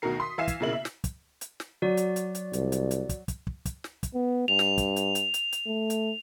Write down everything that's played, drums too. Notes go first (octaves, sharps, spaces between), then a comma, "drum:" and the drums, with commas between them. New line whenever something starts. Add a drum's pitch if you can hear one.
D2 B2 D#3 F#4 A#4 C7
C6 D#6 B6
E3 E5 F5 G#5 C7 E7
drum: kick, hi-hat
B1 A#2 C#3 A#3 E4 F#7
E5
drum: snare
drum: kick, hi-hat
drum: hi-hat
drum: snare
F#3 F#4 D5
drum: hi-hat
drum: hi-hat
drum: hi-hat
C2, drum: hi-hat
drum: hi-hat
drum: hi-hat
drum: kick, hi-hat
drum: kick, hi-hat
drum: kick
drum: kick, hi-hat
drum: snare
drum: kick, hi-hat
B3
G2 F7
drum: snare
drum: kick, hi-hat
drum: hi-hat
drum: hi-hat
drum: hi-hat
drum: hi-hat
A3
drum: hi-hat